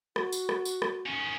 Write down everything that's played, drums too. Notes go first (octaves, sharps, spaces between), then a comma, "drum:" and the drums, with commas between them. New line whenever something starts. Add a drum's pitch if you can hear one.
F#4, drum: rim click
drum: tambourine
drum: rim click
drum: tambourine
drum: rim click
D#3 C#4